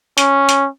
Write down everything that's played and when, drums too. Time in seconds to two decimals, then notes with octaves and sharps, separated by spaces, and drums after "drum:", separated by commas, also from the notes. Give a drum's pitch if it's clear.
0.18 C#4, drum: hi-hat
0.49 drum: hi-hat